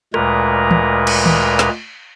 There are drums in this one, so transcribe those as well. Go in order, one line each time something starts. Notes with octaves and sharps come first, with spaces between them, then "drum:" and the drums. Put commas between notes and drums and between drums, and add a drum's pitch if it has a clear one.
D2 A#2 G#3 A#4 B4 A#5, drum: rim click
drum: tom
drum: cymbal
drum: tom D#3
drum: snare